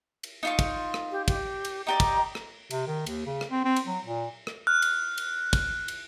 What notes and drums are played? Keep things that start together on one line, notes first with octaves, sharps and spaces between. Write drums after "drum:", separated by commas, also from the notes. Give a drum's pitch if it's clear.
drum: cymbal
D#4 F4 C#6
drum: kick, cymbal
drum: rim click
G4
G4, drum: kick, cymbal
drum: cymbal
D#4 G4 D5 A#5
drum: kick, cymbal
drum: rim click
C3, drum: cymbal
D#3
D#2, drum: cymbal
C#3
drum: rim click
C4
C4
drum: cymbal
F#3
A#2
drum: rim click
F6 F#6
drum: cymbal
drum: cymbal
drum: kick, cymbal
drum: cymbal